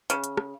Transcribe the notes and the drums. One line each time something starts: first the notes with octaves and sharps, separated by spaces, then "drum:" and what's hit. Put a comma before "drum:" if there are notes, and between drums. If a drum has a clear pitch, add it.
C#3, drum: hi-hat
drum: hi-hat
drum: rim click